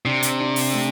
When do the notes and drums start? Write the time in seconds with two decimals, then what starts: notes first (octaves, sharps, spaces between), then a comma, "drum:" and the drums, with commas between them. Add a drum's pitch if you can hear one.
0.05 C3 D4
0.23 drum: hi-hat
0.40 D4
0.56 drum: open hi-hat
0.73 A3